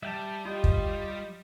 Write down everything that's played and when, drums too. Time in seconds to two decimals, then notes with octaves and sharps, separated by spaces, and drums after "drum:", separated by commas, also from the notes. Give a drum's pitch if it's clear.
0.03 G3 E5 G5 A5
0.45 F4 G4 D#5 G5
0.64 drum: kick